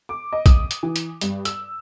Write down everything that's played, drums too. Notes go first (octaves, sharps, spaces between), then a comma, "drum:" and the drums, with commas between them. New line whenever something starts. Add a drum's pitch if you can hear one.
D6
D#5
D#6, drum: kick, hi-hat
drum: hi-hat
E3
drum: hi-hat
G2, drum: hi-hat
E6, drum: hi-hat